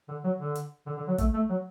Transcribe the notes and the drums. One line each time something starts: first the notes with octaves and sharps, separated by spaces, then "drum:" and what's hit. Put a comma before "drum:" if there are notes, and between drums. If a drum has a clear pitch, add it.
D3
F#3
D3
drum: hi-hat
D3
D3
F#3
A3, drum: kick, hi-hat
A3
F#3